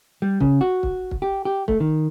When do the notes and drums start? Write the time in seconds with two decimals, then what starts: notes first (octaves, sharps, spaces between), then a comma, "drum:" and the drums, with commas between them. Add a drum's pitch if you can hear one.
0.22 G3
0.40 C#3, drum: kick
0.61 F#4
0.83 drum: kick
1.11 drum: kick
1.22 G4
1.45 G4
1.68 A3, drum: kick
1.80 D#3